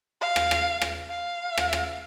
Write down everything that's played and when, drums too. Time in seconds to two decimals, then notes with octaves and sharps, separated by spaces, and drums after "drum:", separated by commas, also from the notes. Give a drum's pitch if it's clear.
0.21 F5
0.36 drum: rim click
0.51 drum: rim click
0.82 drum: rim click
1.10 F5
1.57 drum: rim click
1.73 drum: rim click